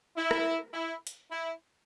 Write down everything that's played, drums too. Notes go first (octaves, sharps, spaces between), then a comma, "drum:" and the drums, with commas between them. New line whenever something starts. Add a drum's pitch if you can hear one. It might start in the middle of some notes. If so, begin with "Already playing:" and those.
E4
drum: rim click
E4
drum: hi-hat
E4